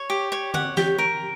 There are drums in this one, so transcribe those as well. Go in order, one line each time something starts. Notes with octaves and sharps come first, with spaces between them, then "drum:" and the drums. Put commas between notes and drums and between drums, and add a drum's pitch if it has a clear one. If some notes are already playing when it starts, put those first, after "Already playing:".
Already playing: C#5
G4
C#5
C#5 F#5, drum: tom D3
G4, drum: snare
A#4